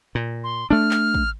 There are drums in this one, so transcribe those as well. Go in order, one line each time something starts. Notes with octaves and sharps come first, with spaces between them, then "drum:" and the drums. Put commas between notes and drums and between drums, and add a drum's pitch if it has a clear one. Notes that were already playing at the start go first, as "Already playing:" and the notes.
A#2
C6
A3 D4 F6
drum: clap
drum: kick